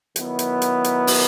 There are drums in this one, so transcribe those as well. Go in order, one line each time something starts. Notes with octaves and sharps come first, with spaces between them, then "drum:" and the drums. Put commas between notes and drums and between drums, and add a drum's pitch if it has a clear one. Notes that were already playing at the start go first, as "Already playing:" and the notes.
D#3 F#3 B3 E4, drum: hi-hat
drum: hi-hat
drum: hi-hat
drum: hi-hat
drum: open hi-hat